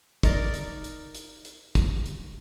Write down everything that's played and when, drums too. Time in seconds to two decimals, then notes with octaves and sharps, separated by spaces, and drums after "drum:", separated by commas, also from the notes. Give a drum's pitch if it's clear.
0.23 D#4 A#4 D5, drum: kick, hi-hat
0.54 drum: hi-hat
0.84 drum: hi-hat
1.15 drum: hi-hat
1.45 drum: hi-hat
1.75 drum: kick, hi-hat
2.06 drum: hi-hat